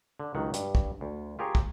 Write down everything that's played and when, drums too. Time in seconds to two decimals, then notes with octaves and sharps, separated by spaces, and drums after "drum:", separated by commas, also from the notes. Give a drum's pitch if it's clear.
0.20 D3
0.35 C#2 D#3 F#3 F#5
0.54 G2, drum: hi-hat
0.75 drum: kick
1.01 D2
1.39 F4 G4 G#4 A#4 C#5
1.55 drum: kick